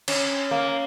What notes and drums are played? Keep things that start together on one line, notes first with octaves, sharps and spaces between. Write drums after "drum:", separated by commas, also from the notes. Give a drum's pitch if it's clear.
C#4, drum: cymbal
A#3